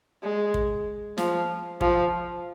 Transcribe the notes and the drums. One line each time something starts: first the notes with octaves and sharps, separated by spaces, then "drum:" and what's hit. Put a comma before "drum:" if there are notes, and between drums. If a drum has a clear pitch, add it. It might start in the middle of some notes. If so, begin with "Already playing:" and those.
G#3
drum: kick
F3, drum: snare
F3, drum: kick